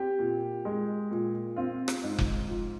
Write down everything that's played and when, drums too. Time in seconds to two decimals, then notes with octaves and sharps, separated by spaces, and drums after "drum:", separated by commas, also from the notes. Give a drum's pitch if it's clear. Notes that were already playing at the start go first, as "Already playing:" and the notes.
Already playing: C4 G4
0.19 A#2
0.65 G#3
1.11 A#2
1.56 C4 F4
1.88 drum: rim click
2.03 G#2
2.18 drum: kick F1
2.49 F3